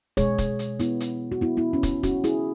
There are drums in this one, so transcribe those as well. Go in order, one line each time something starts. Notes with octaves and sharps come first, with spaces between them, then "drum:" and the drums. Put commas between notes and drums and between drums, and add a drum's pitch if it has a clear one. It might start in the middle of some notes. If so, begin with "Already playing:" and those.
B2 G#3 G#4 C#5, drum: kick, hi-hat
drum: kick, hi-hat
drum: hi-hat
B3 E4, drum: hi-hat
drum: hi-hat
F#4
B3 E4
B3 E4
C#4
drum: kick, hi-hat
C#4 F#4, drum: kick, hi-hat
E4 G#4, drum: hi-hat